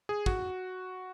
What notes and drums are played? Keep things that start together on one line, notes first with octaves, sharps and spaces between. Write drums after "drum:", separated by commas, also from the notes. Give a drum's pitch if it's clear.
G#4
F#4, drum: kick